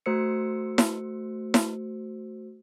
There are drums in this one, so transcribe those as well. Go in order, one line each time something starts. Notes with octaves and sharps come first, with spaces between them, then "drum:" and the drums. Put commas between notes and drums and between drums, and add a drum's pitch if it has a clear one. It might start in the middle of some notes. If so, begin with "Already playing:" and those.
A3 F#4 C5 E6 C#7
drum: snare E4
drum: snare E4